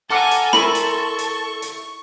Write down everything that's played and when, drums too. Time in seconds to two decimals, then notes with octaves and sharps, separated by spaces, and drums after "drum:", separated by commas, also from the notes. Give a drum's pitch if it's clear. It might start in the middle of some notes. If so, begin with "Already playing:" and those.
0.10 A4 F#5 G#5 A#5 D6 F6
0.31 drum: hi-hat
0.53 E4 A#4 C5 B5 C#6 F#7, drum: snare
0.75 drum: hi-hat
1.19 drum: hi-hat
1.62 drum: hi-hat